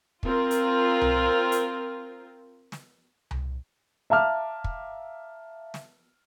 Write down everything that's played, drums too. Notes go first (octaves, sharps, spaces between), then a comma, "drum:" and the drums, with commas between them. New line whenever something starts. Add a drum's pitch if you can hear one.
C4 F4 A#4, drum: kick
drum: hi-hat
drum: tom C2
drum: hi-hat
drum: snare
drum: tom C2
E5 F5 A5 A#5 D6 F6
drum: kick
drum: snare